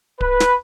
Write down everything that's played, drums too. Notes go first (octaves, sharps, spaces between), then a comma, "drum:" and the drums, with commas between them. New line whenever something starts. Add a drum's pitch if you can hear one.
B4, drum: kick D1
drum: snare